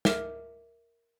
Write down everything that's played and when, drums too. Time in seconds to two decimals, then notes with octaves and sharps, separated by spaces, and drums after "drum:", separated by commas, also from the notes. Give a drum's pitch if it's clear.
0.05 A#4 E5 D6 F6, drum: snare